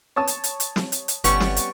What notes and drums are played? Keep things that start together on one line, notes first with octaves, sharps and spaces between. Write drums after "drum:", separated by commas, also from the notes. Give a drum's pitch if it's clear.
C#5 A5 D#6
drum: hi-hat
drum: hi-hat
drum: hi-hat
drum: snare
drum: hi-hat
drum: hi-hat
G1 G3 B3 C#4 C#6, drum: hi-hat
drum: snare
drum: hi-hat